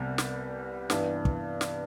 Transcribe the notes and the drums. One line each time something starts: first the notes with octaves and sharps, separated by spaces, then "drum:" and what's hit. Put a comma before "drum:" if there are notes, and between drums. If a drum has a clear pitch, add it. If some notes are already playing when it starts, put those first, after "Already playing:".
Already playing: C2 C3 G3 B3
drum: snare
G2 E3 B3, drum: snare
drum: kick
drum: snare